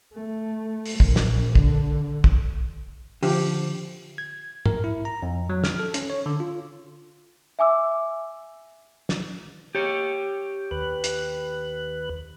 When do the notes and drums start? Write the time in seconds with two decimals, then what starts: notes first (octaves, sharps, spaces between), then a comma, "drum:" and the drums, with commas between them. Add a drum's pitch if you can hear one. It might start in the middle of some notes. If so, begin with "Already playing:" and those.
0.14 A3
0.86 drum: open hi-hat
1.00 A#1, drum: kick
1.16 drum: snare
1.55 D3, drum: kick
2.24 drum: kick
3.23 D3 F3 G4, drum: open hi-hat
4.18 G#6
4.66 A#4, drum: tom
4.84 E4
5.05 A#5
5.22 F2
5.49 F#3
5.64 F6, drum: snare
5.80 A4
5.94 C#4, drum: hi-hat
6.10 C#5
6.26 D3
6.40 F4
7.59 E5 G#5 D6 E6
9.09 drum: snare
9.75 G4 C#5
10.71 D#2 B4 F#6
11.04 drum: hi-hat